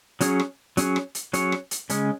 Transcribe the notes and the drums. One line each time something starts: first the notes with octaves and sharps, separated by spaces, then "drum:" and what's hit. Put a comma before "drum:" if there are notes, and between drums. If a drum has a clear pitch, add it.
F#3 C#4 G#4 C#5, drum: hi-hat
drum: rim click
F#3 C#4 G#4 C#5, drum: hi-hat
drum: rim click
drum: hi-hat
F#3 C#4 G#4 C#5, drum: hi-hat
drum: rim click
drum: hi-hat
C#3 G#3 C#4, drum: hi-hat